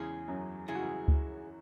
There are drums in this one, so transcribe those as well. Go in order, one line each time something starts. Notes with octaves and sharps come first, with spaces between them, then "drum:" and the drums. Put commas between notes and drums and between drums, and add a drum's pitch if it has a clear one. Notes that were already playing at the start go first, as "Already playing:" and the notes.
Already playing: E2 C#3 E3 G#3 C#4 G#4
F#2 F#3
C#3 G#3 C#4 E4 G#4
F#4
E3 E4
drum: kick C#2